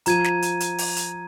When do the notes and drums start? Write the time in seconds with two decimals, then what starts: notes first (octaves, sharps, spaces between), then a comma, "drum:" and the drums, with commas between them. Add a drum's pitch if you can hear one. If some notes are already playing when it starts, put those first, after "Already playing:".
0.06 F3 A#5 G#6 D#7, drum: hi-hat
0.24 drum: snare
0.42 drum: hi-hat
0.60 drum: hi-hat
0.78 drum: open hi-hat
0.96 drum: hi-hat